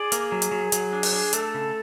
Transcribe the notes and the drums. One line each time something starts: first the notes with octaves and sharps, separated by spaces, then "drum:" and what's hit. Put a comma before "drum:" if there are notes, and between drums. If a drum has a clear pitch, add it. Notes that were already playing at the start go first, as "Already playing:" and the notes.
Already playing: G#4 D5
A#3, drum: hi-hat
F#3
drum: hi-hat
F#3
F#3, drum: hi-hat
D4
drum: open hi-hat
D4
A3 A4, drum: hi-hat
C#3